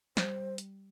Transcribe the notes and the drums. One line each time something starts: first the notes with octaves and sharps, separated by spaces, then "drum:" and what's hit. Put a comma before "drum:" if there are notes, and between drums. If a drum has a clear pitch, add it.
G3 C5, drum: snare
drum: hi-hat